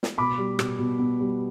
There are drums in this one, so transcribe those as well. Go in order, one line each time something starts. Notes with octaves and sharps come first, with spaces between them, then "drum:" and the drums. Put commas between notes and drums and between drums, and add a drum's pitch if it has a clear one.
drum: snare
B2 B5 D6
G3
B2, drum: rim click
B2
B3
G3